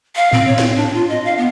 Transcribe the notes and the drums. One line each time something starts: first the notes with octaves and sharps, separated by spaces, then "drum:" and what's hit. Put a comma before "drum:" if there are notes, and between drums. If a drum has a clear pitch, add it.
F5
C4, drum: tom G#2
C#5
C4, drum: snare
D4
F4
D#5
F5
B3